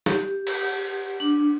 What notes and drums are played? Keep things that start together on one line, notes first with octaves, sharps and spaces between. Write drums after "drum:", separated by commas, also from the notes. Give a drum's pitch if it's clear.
G4, drum: snare
drum: cymbal
D4